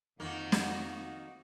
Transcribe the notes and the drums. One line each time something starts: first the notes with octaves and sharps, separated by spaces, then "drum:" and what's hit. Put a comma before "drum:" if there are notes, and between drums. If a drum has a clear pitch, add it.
F2 D#3 A#3 F#4
drum: snare